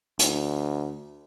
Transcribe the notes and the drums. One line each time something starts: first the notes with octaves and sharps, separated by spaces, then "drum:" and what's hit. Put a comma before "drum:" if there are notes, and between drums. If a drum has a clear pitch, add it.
D2, drum: hi-hat